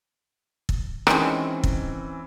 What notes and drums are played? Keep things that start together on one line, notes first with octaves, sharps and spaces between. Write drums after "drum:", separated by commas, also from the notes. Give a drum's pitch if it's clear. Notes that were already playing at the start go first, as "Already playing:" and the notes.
drum: kick
D#3 E3 G#3 C4 C#4, drum: rim click
drum: kick